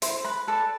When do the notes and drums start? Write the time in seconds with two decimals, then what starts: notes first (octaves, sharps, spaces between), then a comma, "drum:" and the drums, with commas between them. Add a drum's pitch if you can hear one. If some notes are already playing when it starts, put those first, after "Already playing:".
0.02 E4 C5 C6, drum: hi-hat
0.25 B4 B5
0.47 A4 B4 D5 A5